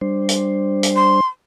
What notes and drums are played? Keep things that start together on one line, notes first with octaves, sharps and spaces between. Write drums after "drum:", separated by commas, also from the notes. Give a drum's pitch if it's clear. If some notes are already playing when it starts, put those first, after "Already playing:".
G3 D4 C5
drum: hi-hat
drum: hi-hat
C6